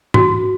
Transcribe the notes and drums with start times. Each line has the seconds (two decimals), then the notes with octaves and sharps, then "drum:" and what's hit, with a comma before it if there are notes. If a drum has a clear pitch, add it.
0.14 F#4, drum: tom G#2